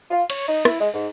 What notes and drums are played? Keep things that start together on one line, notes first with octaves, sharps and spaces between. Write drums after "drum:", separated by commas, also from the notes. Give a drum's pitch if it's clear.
F4
C#5, drum: cymbal
D#4
E4, drum: rim click
G#3
G#2